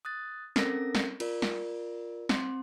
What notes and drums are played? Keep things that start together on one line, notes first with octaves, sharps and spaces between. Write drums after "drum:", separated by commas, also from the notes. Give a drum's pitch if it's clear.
D#6 F#6 A6
C4 C#4 A4 A#4 A#6, drum: snare
drum: snare
F4 A#4 D5, drum: cymbal
drum: snare
C4 C6, drum: snare